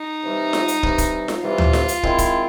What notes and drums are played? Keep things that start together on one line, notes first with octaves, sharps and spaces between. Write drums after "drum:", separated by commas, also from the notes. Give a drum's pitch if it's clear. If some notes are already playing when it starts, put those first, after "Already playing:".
Already playing: D#4
C3 E3 G3
drum: snare F4
drum: hi-hat
C3 E3 G3, drum: kick
drum: kick, hi-hat
drum: snare F4
C3 E3 G3 F4
drum: tom D2
drum: snare F4
drum: hi-hat
D#3 G#3 C4 E4, drum: kick
drum: kick, hi-hat